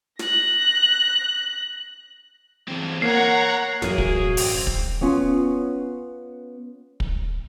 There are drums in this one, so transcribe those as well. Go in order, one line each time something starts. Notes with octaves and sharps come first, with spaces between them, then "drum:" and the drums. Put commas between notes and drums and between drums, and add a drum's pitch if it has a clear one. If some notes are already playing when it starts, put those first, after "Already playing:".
F#6 A#6, drum: snare
E3 C4
A#3 C#5 F#5 A#5 C7
A1 F#2 A#3 F#4 G#4, drum: snare
drum: kick
C4, drum: open hi-hat
drum: kick
B3 C#4 F4
drum: kick